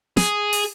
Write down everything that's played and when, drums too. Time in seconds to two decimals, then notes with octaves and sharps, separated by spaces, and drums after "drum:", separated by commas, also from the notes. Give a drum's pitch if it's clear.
0.17 G#4, drum: snare
0.53 drum: open hi-hat